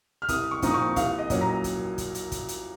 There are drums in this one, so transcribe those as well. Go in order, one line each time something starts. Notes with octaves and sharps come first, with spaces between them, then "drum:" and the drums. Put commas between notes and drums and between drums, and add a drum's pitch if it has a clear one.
F6
C2 D#6, drum: kick, hi-hat
C#6
A#2 F3 C4 D#4 D#6, drum: kick, hi-hat
C#6
C2 F5, drum: kick, hi-hat
D#5
A#2 F#3 C#4, drum: kick, hi-hat
A#5
drum: kick, hi-hat
drum: kick, hi-hat
drum: hi-hat
drum: kick, hi-hat
drum: hi-hat